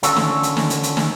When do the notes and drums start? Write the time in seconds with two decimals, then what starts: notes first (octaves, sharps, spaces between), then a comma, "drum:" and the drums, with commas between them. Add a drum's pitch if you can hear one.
0.03 D3 C#4 D4 F4 F#4 A4, drum: hi-hat
0.16 drum: snare
0.43 drum: hi-hat
0.57 drum: snare
0.70 drum: hi-hat
0.83 drum: hi-hat
0.97 drum: snare